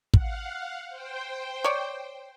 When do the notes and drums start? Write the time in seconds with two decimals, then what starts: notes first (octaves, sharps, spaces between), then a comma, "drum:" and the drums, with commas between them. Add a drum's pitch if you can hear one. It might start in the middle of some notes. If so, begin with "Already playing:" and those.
0.14 F5 F#5, drum: kick
0.89 C5 G5
1.64 C#5 D5